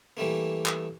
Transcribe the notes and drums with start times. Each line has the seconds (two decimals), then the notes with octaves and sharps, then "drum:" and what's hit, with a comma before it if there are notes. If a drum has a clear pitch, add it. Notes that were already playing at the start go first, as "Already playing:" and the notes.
0.17 E3 G3 A3 A#3
0.66 drum: clap